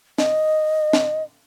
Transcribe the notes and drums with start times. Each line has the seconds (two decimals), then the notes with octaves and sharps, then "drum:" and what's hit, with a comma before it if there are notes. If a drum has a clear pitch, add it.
0.18 D#5, drum: snare
0.93 drum: snare